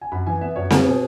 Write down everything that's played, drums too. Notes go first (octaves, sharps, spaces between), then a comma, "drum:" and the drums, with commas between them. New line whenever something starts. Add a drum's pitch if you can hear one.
G#5
F#2 B5
E3 G#5
B3 E5
F#2 C#5
B3 C#5, drum: snare C4
B2 G#4